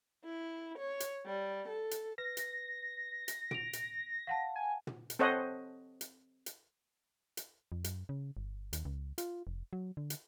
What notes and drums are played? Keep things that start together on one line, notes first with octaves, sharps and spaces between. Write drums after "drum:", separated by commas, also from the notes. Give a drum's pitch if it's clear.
E4
C#5
drum: hi-hat
G3
A4
drum: hi-hat
B4 A#6
drum: hi-hat
drum: hi-hat
D7 F7, drum: tom
drum: hi-hat
F5 F#5 A5
G#5
drum: tom
drum: hi-hat
C4 A4 C5 C#5 D#5 F#5
drum: hi-hat
drum: hi-hat
drum: hi-hat
F2
F#2, drum: hi-hat
C#3
G1
D#2, drum: hi-hat
C#2
F4, drum: hi-hat
F1
F#3
D3
drum: hi-hat